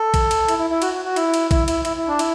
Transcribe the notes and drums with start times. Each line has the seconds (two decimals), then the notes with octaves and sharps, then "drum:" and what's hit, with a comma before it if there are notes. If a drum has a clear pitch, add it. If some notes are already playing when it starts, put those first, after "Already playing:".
Already playing: A4
0.14 drum: kick A#1, cymbal
0.31 drum: cymbal
0.48 E4, drum: cymbal
0.59 E4
0.70 E4
0.82 F#4, drum: cymbal
0.94 F#4
1.05 F#4
1.16 E4, drum: cymbal
1.34 drum: cymbal
1.51 E4, drum: kick A#1, cymbal
1.68 E4, drum: cymbal
1.85 E4, drum: cymbal
1.97 E4
2.08 D4
2.19 E4, drum: cymbal